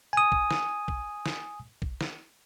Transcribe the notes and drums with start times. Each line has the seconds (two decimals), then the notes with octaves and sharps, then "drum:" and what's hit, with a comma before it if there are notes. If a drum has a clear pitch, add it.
0.13 G#5 D#6
0.32 drum: kick A#1
0.51 drum: snare
0.88 drum: kick A#1
1.26 drum: snare
1.82 drum: kick A#1
2.01 drum: snare